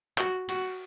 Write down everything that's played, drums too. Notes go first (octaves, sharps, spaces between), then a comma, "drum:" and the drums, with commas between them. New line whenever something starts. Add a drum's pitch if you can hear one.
F#4, drum: clap
F#4, drum: cymbal